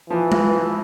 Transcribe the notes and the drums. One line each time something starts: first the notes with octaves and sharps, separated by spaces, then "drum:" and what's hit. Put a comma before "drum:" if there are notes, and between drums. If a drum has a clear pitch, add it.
E3 F3
drum: tom G#3